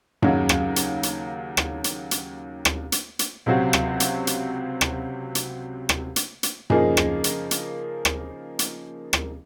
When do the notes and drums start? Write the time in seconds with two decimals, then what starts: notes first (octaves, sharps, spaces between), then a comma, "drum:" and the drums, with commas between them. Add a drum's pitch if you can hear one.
0.22 D#2 C#3 F#3, drum: tom F#2
0.49 drum: rim click
0.76 drum: hi-hat
1.03 drum: hi-hat
1.57 drum: rim click
1.84 drum: hi-hat
2.11 drum: hi-hat
2.65 drum: rim click
2.92 drum: hi-hat
3.19 drum: hi-hat
3.46 C#2 C3 F#3 C4 F#4
3.73 drum: rim click
4.00 drum: hi-hat
4.27 drum: hi-hat
4.81 drum: rim click
5.35 drum: hi-hat
5.89 drum: rim click
6.16 drum: hi-hat
6.43 drum: hi-hat
6.70 C#3 F3 A#3 D#4 G#4, drum: tom F#2
6.97 drum: rim click
7.24 drum: hi-hat
7.51 drum: hi-hat
8.05 drum: rim click
8.59 drum: hi-hat
9.13 drum: rim click